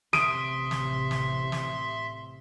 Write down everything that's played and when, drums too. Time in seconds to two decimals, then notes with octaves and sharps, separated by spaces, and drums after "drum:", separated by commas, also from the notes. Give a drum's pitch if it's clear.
0.13 A1 C3 E5 C6 D#6 D7, drum: snare
0.71 drum: snare
1.11 drum: snare
1.52 drum: snare